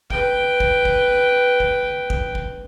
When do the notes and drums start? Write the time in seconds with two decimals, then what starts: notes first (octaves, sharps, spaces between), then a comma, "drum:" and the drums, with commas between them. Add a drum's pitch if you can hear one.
0.10 B4 G5, drum: kick
0.60 drum: kick
0.85 drum: kick
1.60 drum: kick
2.10 drum: kick
2.35 drum: kick